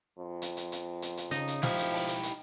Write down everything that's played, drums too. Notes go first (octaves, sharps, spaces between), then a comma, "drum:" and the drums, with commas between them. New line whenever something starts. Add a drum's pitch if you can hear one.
F2
drum: hi-hat
drum: hi-hat
drum: hi-hat
drum: hi-hat
drum: hi-hat
C#3 D#4, drum: hi-hat
drum: hi-hat
F3 E4 G4, drum: snare
drum: hi-hat
drum: open hi-hat
drum: hi-hat
drum: hi-hat